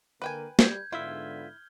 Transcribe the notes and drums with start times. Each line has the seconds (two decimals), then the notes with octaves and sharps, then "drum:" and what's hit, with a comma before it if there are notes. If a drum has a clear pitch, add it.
0.22 D3 A#3 B4 G5 G#5
0.59 G3 G6 G#6, drum: snare
0.93 G#2 D3 B3 E4 F4 E5 F6 G7